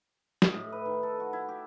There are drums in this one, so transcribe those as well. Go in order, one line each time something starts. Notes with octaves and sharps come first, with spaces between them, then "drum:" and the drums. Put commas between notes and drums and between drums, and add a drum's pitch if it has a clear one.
D#5, drum: snare
A2
B4
D#3
A4
F#4
E4
G4